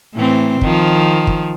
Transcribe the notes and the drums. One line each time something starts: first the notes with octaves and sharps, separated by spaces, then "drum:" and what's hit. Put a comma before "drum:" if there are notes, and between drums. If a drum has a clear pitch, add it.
A2 E3 C4
D#3 F3, drum: kick
drum: kick